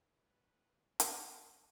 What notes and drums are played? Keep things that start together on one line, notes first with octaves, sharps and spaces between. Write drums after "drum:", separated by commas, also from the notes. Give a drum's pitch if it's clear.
B4
drum: hi-hat